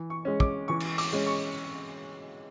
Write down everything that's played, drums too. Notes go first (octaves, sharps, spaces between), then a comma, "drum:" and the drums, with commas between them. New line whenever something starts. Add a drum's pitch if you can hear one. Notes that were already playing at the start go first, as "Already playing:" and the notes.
Already playing: E3
C#6
G#3 C#4
D6, drum: kick
E3 C#6
drum: cymbal
D6, drum: open hi-hat
G#3 C#4
C#6